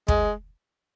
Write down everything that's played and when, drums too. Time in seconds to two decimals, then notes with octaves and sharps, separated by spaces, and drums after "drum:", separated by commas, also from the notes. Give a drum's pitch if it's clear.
0.08 G#3, drum: kick